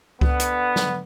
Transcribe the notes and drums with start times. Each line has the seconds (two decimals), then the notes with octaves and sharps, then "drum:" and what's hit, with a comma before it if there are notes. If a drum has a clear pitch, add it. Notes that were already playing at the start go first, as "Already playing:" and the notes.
0.21 D3 B3, drum: kick C#2
0.40 drum: hi-hat
0.76 drum: snare